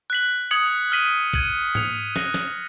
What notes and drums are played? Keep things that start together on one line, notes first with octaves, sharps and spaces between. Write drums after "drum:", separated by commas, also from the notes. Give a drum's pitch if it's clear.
F#6 B6 F#7
D#6 G#6 C#7 F#7
F6 B6 D#7 F#7
G#6 D#7 F#7, drum: kick A#1
G#6 C#7 F7, drum: tom G#2
F#6 A#6 F7, drum: snare
drum: snare